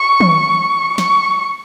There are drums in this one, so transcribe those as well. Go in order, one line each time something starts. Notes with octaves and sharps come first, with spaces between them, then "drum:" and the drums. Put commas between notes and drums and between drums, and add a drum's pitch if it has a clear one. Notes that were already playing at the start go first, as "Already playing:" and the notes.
Already playing: C#6
drum: tom
C#6, drum: snare